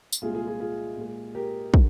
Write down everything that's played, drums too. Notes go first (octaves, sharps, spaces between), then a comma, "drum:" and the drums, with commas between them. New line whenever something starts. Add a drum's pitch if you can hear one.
drum: tambourine
C2 A#2 G#3 F4 G#4
F4 G#4
F4 G#4
F4 G#4
A#2 G#3
G4 A#4
D3, drum: kick